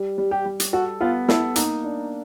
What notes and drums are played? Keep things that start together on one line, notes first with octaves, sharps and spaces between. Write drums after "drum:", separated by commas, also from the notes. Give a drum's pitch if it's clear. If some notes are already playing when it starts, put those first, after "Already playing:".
Already playing: G3
G3
G4
G3
drum: hi-hat
F#4 A4
B3 F4
E4 A4, drum: snare
A#3 D#4, drum: hi-hat
D4